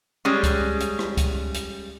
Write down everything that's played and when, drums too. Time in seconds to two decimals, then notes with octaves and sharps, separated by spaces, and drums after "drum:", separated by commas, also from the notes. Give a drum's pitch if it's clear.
0.25 G3 G#3 C#4
0.43 drum: kick C#2, hi-hat
0.80 drum: hi-hat
0.99 drum: rim click
1.17 drum: kick C#2, hi-hat
1.54 drum: hi-hat